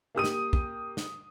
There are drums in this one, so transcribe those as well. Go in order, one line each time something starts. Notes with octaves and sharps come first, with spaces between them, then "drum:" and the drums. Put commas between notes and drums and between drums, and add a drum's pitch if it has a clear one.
A#3 G4 D#6 D#7
drum: snare
drum: kick
drum: snare